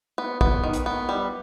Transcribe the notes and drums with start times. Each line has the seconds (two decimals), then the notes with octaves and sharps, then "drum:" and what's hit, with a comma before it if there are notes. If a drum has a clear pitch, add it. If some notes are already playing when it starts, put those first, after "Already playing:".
0.18 B3
0.41 B3, drum: kick
0.64 D#3
0.73 drum: hi-hat
0.86 B3
1.09 G3